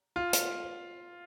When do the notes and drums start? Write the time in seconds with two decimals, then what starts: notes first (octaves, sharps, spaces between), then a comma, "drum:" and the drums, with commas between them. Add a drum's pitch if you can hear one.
0.16 F4
0.33 drum: hi-hat